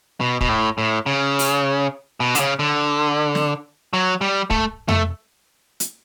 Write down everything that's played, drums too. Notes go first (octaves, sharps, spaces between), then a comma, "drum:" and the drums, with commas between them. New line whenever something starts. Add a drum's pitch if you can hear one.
B2
B2, drum: kick
A2
A2
C#3
drum: open hi-hat
B2
D3, drum: hi-hat
C#3
D3
drum: snare
F#3
G3
A3, drum: kick
A3, drum: tom F2
drum: hi-hat